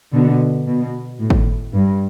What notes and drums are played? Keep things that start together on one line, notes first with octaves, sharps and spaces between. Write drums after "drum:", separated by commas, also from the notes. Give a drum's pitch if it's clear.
B2 D3
B2
A2
drum: kick
G2